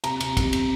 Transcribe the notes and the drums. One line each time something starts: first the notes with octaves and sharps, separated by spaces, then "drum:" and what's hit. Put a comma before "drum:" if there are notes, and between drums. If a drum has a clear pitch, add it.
C3 A#5, drum: cymbal
C3, drum: cymbal
C3, drum: kick, cymbal
drum: cymbal